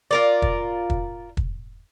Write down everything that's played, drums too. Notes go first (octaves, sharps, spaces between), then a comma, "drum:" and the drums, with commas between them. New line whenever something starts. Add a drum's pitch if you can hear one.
F4 A#4 D5
drum: kick
drum: kick
drum: kick